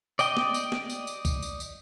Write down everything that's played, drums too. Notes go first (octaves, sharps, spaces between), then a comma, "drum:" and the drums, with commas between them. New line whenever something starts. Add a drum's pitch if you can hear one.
D5 D#5 G5, drum: tambourine
drum: snare
drum: tambourine
drum: snare
drum: tambourine
drum: tambourine
drum: kick C2, tambourine
drum: tambourine
drum: tambourine